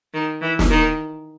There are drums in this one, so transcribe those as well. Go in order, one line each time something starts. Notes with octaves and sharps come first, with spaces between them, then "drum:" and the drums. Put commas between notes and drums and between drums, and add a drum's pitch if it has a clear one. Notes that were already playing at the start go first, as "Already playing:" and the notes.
D#3
E3
drum: snare
D#3